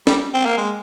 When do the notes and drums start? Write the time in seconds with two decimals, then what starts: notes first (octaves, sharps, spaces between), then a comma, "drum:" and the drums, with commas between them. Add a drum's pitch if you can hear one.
0.07 G3, drum: snare
0.34 C4
0.46 A#3
0.57 G#3